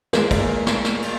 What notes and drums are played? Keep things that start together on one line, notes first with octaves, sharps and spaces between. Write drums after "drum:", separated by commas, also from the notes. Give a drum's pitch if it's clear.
G#3 A#3, drum: snare
drum: kick, cymbal
drum: snare
drum: snare
drum: cymbal